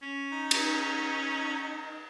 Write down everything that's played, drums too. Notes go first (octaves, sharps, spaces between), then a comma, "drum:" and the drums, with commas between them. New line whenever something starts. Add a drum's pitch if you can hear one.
C#4
D#4
drum: cymbal